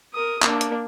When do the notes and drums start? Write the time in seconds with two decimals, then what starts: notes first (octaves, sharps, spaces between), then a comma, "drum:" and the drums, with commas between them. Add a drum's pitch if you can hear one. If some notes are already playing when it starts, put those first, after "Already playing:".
0.14 A#4 D#6
0.43 A#3 D4, drum: clap
0.61 drum: hi-hat